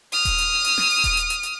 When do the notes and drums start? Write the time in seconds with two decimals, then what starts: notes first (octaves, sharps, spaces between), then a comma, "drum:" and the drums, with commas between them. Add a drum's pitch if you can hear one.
0.12 D#6 F6, drum: open hi-hat
0.25 drum: kick D#1, hi-hat
0.38 drum: hi-hat
0.65 drum: hi-hat
0.78 drum: snare
0.91 drum: open hi-hat
1.04 drum: kick D#1, hi-hat
1.17 drum: hi-hat
1.30 drum: hi-hat
1.43 drum: hi-hat